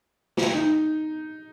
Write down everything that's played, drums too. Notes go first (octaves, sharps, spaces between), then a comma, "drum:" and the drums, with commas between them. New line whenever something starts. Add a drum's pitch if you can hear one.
drum: snare
D#4